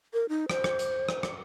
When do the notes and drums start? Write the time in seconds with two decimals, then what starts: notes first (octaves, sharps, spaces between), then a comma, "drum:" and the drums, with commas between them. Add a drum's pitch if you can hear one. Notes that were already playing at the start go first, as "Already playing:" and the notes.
0.14 A#4
0.29 D#4
0.50 C5, drum: rim click
0.64 drum: rim click
0.79 drum: hi-hat
1.09 drum: rim click
1.23 drum: rim click